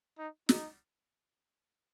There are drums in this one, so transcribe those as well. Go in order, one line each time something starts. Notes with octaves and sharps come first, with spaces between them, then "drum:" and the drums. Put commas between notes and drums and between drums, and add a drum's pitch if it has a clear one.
D#4
D#4, drum: snare